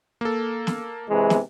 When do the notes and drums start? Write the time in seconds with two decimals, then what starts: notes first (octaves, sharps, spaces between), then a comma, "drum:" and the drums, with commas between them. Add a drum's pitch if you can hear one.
0.21 A#3 A4
0.67 drum: snare
1.09 C3 E3 G#3
1.30 drum: snare